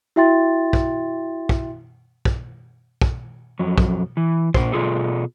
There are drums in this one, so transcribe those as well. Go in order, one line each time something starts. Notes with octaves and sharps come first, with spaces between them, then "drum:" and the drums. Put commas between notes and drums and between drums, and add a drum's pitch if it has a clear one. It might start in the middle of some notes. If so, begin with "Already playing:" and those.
E4 F#4 E5 G5 C6 A6
drum: kick
drum: kick
drum: kick
drum: kick
F2 F#3
drum: kick
E3
A#2 C5, drum: kick
B2 F4 G#4 A4